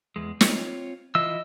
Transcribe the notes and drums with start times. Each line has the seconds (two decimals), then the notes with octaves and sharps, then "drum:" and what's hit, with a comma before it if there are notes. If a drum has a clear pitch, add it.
0.16 E2 G#3
0.41 C4 F4 C#5, drum: snare
1.15 E3 E4 F4 D#5 E6